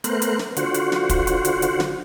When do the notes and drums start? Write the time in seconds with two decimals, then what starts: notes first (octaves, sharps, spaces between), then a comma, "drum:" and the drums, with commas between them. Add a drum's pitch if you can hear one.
0.04 A3 B3 A#4 C5 F#6, drum: hi-hat
0.22 drum: hi-hat
0.39 drum: snare
0.57 D3 F4 F#4 C5 F#5, drum: hi-hat
0.74 drum: hi-hat
0.92 drum: snare
1.09 drum: kick, hi-hat
1.27 drum: hi-hat
1.45 drum: hi-hat
1.62 drum: hi-hat
1.80 drum: snare